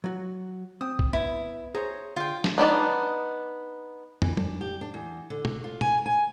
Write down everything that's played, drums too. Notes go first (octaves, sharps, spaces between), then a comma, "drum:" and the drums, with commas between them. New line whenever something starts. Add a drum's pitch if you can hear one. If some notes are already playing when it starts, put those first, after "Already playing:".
F#3 F#4
C4 D#6
drum: kick B1
B3 E4
G#4 C5 C#5 A#5
D3 F4 G5
drum: snare
B3 D4 D#4 D5
E3, drum: tom
D4, drum: tom F#3
G4
D4
E2
D3
drum: tom
F4
G#5, drum: tom
G#5